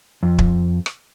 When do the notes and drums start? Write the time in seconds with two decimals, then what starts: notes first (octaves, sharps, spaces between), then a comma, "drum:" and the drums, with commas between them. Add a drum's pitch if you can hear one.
0.23 F2
0.38 drum: kick
0.86 drum: rim click